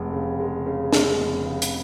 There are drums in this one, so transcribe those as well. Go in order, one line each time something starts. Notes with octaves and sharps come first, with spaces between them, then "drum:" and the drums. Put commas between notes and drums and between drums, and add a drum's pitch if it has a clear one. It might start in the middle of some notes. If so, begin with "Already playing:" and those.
Already playing: F1 G#3
C#3
G#3
C#3
G#3, drum: snare
F1
C#3
drum: hi-hat